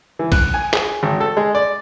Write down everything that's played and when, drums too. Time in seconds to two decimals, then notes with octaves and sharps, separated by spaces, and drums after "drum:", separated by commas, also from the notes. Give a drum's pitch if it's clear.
0.19 E3
0.32 F#6, drum: kick, cymbal
0.54 G#5
0.73 G#4, drum: clap
1.03 G#1
1.21 A4
1.37 G#3
1.55 D5